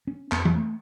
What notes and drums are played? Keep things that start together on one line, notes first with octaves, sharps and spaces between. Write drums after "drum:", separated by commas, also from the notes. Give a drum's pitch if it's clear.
C#4
F2 B3, drum: clap
drum: tom E3
A3